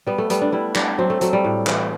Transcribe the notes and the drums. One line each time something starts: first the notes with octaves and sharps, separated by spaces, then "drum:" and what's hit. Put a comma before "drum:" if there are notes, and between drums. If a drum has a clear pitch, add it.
G3 B3
A3
G3 B3, drum: hi-hat
D4
G3 E4
G3 D4, drum: clap
F#3 C4
A3
F#3 A3, drum: hi-hat
G3
A2
E3, drum: clap